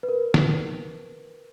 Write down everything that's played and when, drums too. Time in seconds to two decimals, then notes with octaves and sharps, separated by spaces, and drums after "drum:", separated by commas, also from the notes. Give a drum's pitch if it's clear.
0.03 B4
0.09 A#4
0.34 drum: snare